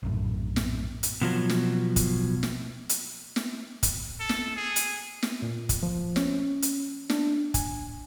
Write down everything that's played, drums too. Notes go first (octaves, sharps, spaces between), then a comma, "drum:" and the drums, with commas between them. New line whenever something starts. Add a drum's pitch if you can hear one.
A#1 F#2 A2
drum: snare
drum: hi-hat
B2 F3 F#3
drum: snare
drum: kick, hi-hat
drum: snare
drum: hi-hat
drum: snare
drum: kick, hi-hat
A4
drum: snare
G#4
drum: hi-hat
drum: snare
A#2
drum: kick, hi-hat
F3
C#4, drum: snare
drum: hi-hat
D4, drum: snare
G#5, drum: kick, hi-hat